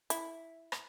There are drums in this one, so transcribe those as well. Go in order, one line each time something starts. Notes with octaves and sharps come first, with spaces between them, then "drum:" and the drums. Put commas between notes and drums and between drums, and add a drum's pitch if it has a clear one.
E4, drum: hi-hat
drum: rim click